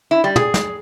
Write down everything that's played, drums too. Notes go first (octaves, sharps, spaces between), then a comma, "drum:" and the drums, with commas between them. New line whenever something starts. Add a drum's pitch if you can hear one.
E4
G3
G#4, drum: tom
drum: snare